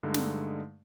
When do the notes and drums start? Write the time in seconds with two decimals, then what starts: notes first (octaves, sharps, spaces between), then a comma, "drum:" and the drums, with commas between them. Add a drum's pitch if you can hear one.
0.03 G2 D3 G#3 A3 D#4
0.14 drum: snare